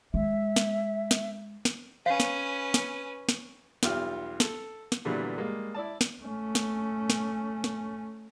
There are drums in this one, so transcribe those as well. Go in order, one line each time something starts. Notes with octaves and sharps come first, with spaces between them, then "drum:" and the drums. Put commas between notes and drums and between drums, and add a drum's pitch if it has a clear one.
G#3 E5
drum: snare
drum: snare
drum: snare
C#4 B4 F5
drum: snare
drum: snare
drum: snare
B1 E2 G3 F4 G4 F6, drum: snare
A4, drum: snare
drum: snare
A#2 D3 E3 F#3 G3 B3
G3 G#3 A#3
E4 D5 A5
drum: snare
A3 C#4
drum: snare
drum: snare
drum: snare